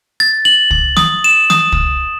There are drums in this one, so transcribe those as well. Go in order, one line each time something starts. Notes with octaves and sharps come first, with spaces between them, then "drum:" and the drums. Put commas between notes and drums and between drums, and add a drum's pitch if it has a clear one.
A6
F#7
drum: kick
D#6, drum: snare
E7
D#6, drum: snare
drum: kick